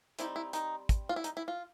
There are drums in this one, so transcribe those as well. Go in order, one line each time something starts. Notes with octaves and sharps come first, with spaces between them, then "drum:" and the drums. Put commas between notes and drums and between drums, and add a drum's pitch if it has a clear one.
G3 C4 D#4 E4, drum: hi-hat
E4
D#4, drum: hi-hat
drum: kick, hi-hat
F4
E4
D#4, drum: hi-hat
E4
F4